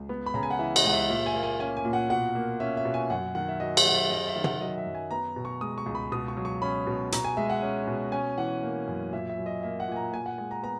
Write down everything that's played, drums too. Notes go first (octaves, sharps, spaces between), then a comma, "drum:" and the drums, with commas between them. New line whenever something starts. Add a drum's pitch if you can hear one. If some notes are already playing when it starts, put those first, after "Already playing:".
Already playing: C#2
B3
B5
C#3 A#5
G#5
F#5
E3 E5
D#5, drum: cymbal
C#2 F#5
E5
A#2 E5
G#5
A#3
G#5
C#4 G#5
G#5
A#2
F#5
B2 F#5
A#3
C#4 E5
E5
B2
G#5
F#2 F#5
D#3 F#5
E5
F#3 D#5
E5, drum: cymbal
F#2 F#5
E5
F#2 D#5
E5
D#3
F#5, drum: tom
F#3 D#5
E5
F#2
G#5
B3 A#5
B2
C#6
G#3 D#6
C#6
C#2
B5
B2 D#6
C#6
F#3
C#6
C#4 B5
B2
B2 A#5, drum: hi-hat
G#5
G#3 E5
F#5
C#4
B2
C#4 G#5
E3 F#5
A#3
F#2
A#2 E5
E5
F#3
D#5
A#3 E5
F#5
A#2 G#5
A#5
A#2 G#5
F#5
G#3 G#5
A#5
B3 A#5